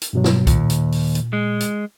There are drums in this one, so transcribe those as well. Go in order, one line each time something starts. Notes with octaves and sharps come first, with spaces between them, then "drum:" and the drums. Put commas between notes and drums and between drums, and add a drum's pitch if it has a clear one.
drum: hi-hat
G2 B2 F#3
drum: snare
D#2 A#2, drum: kick C2, hi-hat
drum: hi-hat
drum: open hi-hat
drum: hi-hat
G#3
drum: hi-hat